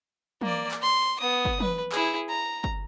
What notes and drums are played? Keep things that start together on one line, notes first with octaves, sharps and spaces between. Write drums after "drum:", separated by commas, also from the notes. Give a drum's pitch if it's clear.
A#3 D5, drum: tom
drum: clap
C6
B3 D#6
drum: kick G1
B4, drum: tom
E4 G#4, drum: clap
A#5
drum: kick G1